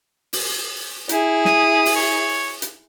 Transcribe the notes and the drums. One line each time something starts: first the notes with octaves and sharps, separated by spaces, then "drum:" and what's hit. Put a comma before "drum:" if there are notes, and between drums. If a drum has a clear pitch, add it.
drum: open hi-hat
E4 G#4, drum: hi-hat
D#6, drum: snare
drum: open hi-hat
C#5
drum: hi-hat